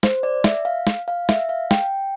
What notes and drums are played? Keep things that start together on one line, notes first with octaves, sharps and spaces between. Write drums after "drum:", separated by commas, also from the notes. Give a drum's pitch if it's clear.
C5, drum: snare
D5
E5, drum: snare
F5
drum: snare
F5
E5, drum: snare
F5
G5, drum: snare